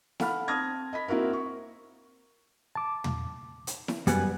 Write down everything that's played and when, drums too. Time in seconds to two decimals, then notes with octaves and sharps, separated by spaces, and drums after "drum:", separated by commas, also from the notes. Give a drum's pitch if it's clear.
0.20 A4 F5 F#5 B5 F6, drum: snare E4
0.48 C4 A5 D#6 F6 G#6 A#6
0.93 D#5 B5 B6
1.08 A#3 C4 E4 F#4 A#4
1.33 C#6
2.75 A5 D6
3.04 drum: tom
3.67 drum: hi-hat
3.88 drum: snare E4
4.07 F#2 G3 B3 G#5 F#6, drum: hi-hat